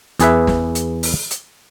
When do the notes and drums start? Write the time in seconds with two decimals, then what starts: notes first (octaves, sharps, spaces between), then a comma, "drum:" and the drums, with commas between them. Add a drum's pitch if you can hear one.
0.20 E2 G#4 B4 E5, drum: hi-hat
0.47 drum: snare
0.75 drum: hi-hat
1.03 drum: open hi-hat
1.31 drum: hi-hat